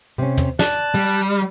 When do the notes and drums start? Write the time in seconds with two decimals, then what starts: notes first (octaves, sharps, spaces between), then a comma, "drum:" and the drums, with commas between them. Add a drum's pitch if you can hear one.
0.18 C3 C#4
0.37 drum: tom
0.59 D5 A5 F#6, drum: snare
0.95 G3